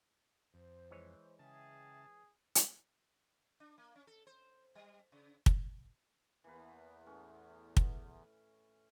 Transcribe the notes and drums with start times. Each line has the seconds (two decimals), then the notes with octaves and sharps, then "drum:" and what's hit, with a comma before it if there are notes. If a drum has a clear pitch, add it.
0.54 F2 C5
0.91 E3 G#3 C#5
1.39 C#3 G#4 E5 G5 A5
2.55 drum: hi-hat
3.60 D4
3.78 A#3
3.96 C#4
4.07 A4
4.27 C5
4.75 G3
5.12 C#3
5.46 drum: kick
6.44 E2 E3 A#3 B4
7.06 A2 C#4
7.77 drum: kick